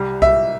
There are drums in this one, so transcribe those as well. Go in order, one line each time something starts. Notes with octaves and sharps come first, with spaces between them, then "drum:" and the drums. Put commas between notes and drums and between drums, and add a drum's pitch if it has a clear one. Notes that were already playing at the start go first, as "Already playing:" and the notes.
Already playing: C2 G3
E5, drum: kick B1